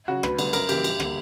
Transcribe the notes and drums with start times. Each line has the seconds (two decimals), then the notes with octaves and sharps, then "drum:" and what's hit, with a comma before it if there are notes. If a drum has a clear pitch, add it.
0.08 C#3 F#3 F#4
0.23 D2 B4, drum: rim click
0.39 D3 G3 B3, drum: cymbal
0.53 F#2 A#4, drum: cymbal
0.69 C#3 E3 A#3 G4, drum: cymbal
0.84 G2, drum: cymbal
1.00 D3 A#3, drum: rim click